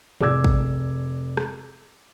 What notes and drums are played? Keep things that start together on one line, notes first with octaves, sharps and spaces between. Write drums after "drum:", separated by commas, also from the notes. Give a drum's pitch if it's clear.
F1 G#4 D5 D6 E6 G#6, drum: tom G#2
drum: kick
drum: rim click